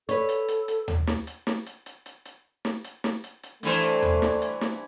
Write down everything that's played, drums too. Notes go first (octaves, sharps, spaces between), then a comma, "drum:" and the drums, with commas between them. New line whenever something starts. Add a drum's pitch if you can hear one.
A4 B4 C#5, drum: hi-hat
drum: hi-hat
drum: hi-hat
drum: hi-hat
drum: tom D#2
drum: snare
drum: hi-hat
drum: snare
drum: hi-hat
drum: hi-hat
drum: hi-hat
drum: hi-hat
drum: snare
drum: hi-hat
drum: snare
drum: hi-hat
drum: hi-hat
G2 E3 A3 C5, drum: hi-hat
drum: hi-hat
drum: tom D#2
drum: snare
drum: hi-hat
drum: snare